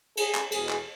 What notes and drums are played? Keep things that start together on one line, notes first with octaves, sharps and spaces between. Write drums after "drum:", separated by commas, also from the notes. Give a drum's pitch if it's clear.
G#4, drum: cymbal
drum: clap
E2 B2 G#3 G#4, drum: cymbal
drum: clap